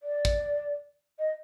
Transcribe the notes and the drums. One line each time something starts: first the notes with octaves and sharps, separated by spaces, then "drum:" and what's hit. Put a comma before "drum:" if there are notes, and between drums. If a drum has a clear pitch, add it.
D5
drum: kick
D#5